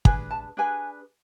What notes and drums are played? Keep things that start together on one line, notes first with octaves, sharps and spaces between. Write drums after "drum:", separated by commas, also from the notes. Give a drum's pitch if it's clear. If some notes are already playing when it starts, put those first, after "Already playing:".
D4 G#4 B4 G#5, drum: kick
A5
D4 G#4 B4 G#5